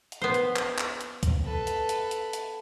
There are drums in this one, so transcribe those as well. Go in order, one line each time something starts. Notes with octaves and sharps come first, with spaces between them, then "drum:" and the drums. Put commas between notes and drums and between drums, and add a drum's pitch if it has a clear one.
drum: hi-hat
B3 C5
drum: hi-hat
drum: clap
drum: clap
drum: hi-hat
drum: kick C2, hi-hat
A4 B4
drum: hi-hat
drum: hi-hat
drum: hi-hat
drum: hi-hat